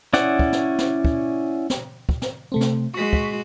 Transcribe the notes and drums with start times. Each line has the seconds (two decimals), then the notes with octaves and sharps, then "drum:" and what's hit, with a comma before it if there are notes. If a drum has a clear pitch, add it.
0.13 C#4 E4 D5 F#5, drum: snare
0.39 drum: kick
0.52 drum: snare
0.79 drum: snare
1.05 drum: kick
1.70 drum: snare
2.09 drum: kick
2.22 drum: snare
2.52 C3 A3 C4
2.61 drum: snare
2.94 G#3 F#4 C#6 B6
3.13 drum: kick